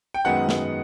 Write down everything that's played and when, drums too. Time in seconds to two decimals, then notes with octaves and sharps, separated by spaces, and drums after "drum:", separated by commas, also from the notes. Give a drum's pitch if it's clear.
0.14 G5
0.25 F#2 D#3 G#3 B3 D#4 F#5
0.49 drum: snare